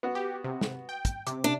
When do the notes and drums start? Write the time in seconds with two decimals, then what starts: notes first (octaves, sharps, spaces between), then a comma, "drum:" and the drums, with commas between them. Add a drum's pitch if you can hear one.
0.03 B3 F#4
0.15 G4
0.44 C3
0.61 drum: snare
0.89 G5
1.05 drum: kick, hi-hat
1.27 C3 D6, drum: hi-hat
1.44 D4